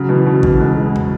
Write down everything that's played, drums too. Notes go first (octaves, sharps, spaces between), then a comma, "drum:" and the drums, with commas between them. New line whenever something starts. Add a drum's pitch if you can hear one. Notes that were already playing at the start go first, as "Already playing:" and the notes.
Already playing: C#3 F#3
B2 E3
B2
B2 E3, drum: kick G#1
E3 G#3
drum: tom